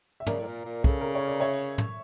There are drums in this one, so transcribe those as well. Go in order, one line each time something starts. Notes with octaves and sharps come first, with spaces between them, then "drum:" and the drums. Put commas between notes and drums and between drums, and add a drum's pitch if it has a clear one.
E5
C#3 A#4 D5, drum: tom
A2
A#2
A#2
C#3 A4, drum: kick
A#4
C#5
D5
C#5 E5
drum: tom